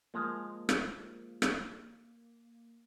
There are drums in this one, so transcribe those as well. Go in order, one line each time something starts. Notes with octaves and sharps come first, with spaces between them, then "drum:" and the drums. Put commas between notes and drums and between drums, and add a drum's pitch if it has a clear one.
F3 G#3 A#3 A#5
drum: rim click
drum: rim click